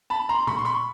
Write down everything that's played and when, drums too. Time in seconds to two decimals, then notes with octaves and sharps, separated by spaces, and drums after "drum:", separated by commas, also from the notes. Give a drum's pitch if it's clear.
0.10 A5 B5
0.29 A#5 C6
0.47 B5 C#6, drum: tom A#2
0.59 C6
0.65 B5 C#6